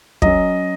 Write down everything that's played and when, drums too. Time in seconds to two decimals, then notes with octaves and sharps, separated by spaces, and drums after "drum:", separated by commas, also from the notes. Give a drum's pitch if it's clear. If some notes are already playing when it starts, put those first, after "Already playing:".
0.22 F#3 C#4 D#5, drum: kick